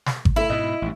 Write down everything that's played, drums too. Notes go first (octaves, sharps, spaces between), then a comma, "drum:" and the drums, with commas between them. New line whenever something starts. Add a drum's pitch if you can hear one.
drum: snare
drum: kick G#1
A3 E4 E5
G#2 B2 D#5
A1 G2